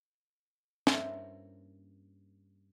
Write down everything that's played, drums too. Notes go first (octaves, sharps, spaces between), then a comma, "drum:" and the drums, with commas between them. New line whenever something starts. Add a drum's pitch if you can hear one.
G2 A#3 C#4 E4 C5 E5, drum: snare